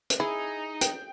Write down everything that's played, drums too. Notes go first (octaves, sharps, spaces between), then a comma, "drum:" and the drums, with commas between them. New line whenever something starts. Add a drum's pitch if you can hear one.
drum: hi-hat
D#4 E4 G#4
G5, drum: hi-hat